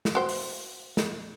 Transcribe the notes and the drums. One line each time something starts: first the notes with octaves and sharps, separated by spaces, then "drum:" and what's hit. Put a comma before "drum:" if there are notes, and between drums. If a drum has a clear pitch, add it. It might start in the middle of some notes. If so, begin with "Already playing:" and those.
drum: snare
F#4 C5 G5
drum: open hi-hat
drum: snare